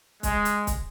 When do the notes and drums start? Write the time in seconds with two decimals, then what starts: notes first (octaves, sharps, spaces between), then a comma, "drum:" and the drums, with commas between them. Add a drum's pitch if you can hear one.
0.23 G#3, drum: kick, hi-hat
0.45 drum: hi-hat
0.67 drum: kick, hi-hat